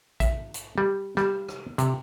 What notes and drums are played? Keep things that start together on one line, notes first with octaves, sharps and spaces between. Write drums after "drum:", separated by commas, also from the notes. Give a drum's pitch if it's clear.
E5, drum: kick A#1, hi-hat
drum: hi-hat
G3
G3, drum: rim click
drum: rim click
C3, drum: hi-hat